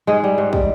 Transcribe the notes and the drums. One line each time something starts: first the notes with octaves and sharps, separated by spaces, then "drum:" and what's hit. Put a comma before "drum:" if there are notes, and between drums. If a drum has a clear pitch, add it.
G#2 G#3 G#4
G3
G#2
G3, drum: kick